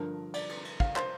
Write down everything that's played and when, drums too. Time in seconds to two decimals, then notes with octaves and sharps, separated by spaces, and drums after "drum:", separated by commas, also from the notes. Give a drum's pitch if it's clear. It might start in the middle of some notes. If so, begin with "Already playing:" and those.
Already playing: G2 D3 F3 A#4
0.34 D5, drum: cymbal
0.49 drum: cymbal
0.65 drum: cymbal
0.80 F5, drum: kick
0.96 C5, drum: clap